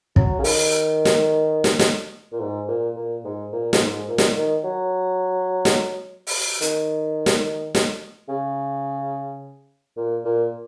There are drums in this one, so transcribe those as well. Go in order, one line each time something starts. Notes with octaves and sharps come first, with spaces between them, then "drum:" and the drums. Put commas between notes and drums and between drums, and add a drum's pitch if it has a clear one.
F#3, drum: kick
C#3
D#3, drum: open hi-hat
drum: snare
drum: snare
drum: snare
A#2
G#2
A#2
A#2
G#2
A#2
A#2, drum: snare
G#2
A#2
drum: snare
D#3
F#3
drum: snare
drum: open hi-hat
D#3, drum: hi-hat
drum: snare
drum: snare
C#3
A#2
A#2